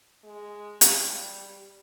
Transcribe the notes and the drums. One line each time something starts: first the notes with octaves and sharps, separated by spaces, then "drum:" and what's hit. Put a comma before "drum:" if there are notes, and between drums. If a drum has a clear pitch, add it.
G#3
G3, drum: hi-hat